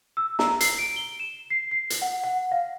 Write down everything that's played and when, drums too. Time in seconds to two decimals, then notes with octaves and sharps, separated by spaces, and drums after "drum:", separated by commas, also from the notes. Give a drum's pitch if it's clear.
0.17 E6
0.39 A#5, drum: snare
0.61 C7, drum: hi-hat
0.79 D7
0.96 G7
1.20 E7
1.50 C7
1.71 C7
1.90 drum: hi-hat
2.02 F#5
2.24 F#5
2.52 F5